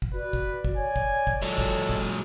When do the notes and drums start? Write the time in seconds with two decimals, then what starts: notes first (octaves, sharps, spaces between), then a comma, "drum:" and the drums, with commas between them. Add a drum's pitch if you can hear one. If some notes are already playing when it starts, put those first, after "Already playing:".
0.02 drum: kick
0.13 F#4 B4 D5
0.33 drum: kick
0.65 drum: kick
0.77 C#5 G#5
0.96 drum: kick
1.27 drum: kick
1.43 F#3 G#3 A4
1.58 drum: kick
1.89 drum: kick